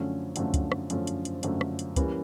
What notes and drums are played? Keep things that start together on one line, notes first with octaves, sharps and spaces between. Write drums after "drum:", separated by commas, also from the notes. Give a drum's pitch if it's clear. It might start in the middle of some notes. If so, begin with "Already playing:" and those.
Already playing: F#2 D3 F3 A3 C#4
F#2 D3 F3 A3 C#4, drum: hi-hat
drum: kick, hi-hat
drum: rim click
F#2 D3 F3 A3 C#4, drum: hi-hat
drum: hi-hat
drum: hi-hat
F#2 D3 F3 A3 C#4, drum: hi-hat
drum: rim click
drum: hi-hat
E3 G3 A#3 C#4, drum: kick, hi-hat